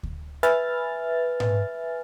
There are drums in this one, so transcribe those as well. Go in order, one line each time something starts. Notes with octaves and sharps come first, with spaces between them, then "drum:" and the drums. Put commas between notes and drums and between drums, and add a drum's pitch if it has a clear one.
drum: kick D2
B4 E5 G#5 F6 A6, drum: hi-hat
drum: tom G#2